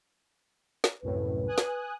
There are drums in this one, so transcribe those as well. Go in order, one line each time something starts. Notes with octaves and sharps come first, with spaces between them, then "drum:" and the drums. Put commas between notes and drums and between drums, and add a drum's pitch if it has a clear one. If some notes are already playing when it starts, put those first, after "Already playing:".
drum: snare
C2 F#2 A2 B4
G#5 D#6 F#6
drum: snare